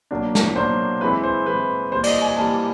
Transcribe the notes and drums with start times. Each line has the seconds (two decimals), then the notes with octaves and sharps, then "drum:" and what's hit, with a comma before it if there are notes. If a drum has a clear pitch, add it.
0.11 B2 F#3 A#3 D4
0.35 drum: snare
0.56 B2 F#3 A#3 D4 C5
1.01 E3 G#3 C4 E4 B4
1.23 C5
1.46 E3 G#3 C4 E4 B4
1.92 E3 G3 A#3 C5
2.03 D5, drum: cymbal
2.07 D#5
2.22 G#5
2.37 E3 G3 A#3 A5